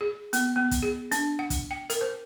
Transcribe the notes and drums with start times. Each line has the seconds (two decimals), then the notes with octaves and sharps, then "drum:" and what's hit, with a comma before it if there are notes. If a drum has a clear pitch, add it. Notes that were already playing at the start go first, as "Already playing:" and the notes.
0.01 G#4
0.33 B3, drum: hi-hat
0.56 B3
0.71 drum: kick, hi-hat
0.83 G#4
1.12 D4, drum: hi-hat
1.39 F#5
1.50 drum: kick, hi-hat
1.71 G5
1.90 A#4, drum: hi-hat
2.01 C5